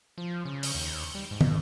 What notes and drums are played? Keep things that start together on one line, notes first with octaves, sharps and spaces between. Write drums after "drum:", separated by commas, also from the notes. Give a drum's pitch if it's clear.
F3
C#3
drum: open hi-hat
D#2
G3
G#2
drum: tom